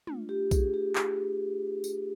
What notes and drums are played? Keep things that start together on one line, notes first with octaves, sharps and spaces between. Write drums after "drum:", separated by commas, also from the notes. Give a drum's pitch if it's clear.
A3 D4 F4, drum: tom
G4
G#4, drum: kick B1, tambourine
G4
drum: clap
drum: tambourine